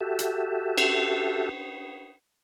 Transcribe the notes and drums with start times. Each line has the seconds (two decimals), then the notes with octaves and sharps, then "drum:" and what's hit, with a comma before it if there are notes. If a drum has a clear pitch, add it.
0.01 F#4 G4 A4 E5
0.19 drum: hi-hat
0.78 drum: cymbal